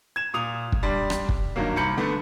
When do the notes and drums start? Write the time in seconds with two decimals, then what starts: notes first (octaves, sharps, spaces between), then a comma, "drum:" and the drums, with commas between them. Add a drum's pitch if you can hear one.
0.16 G#6 E7
0.34 A#2 D#6 F7
0.72 drum: kick
0.83 G3 D4 C6
1.10 drum: rim click
1.29 drum: kick
1.56 G2 D#3 F#3 A#3
1.76 C2 B5 G6 C#7 F#7
1.97 D3 A3 B3